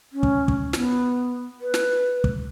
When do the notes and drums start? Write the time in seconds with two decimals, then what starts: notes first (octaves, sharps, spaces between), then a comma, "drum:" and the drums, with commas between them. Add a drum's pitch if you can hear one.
0.13 C#4
0.23 drum: kick
0.48 drum: kick
0.73 B3, drum: snare
1.61 B4
1.74 drum: snare
2.24 drum: kick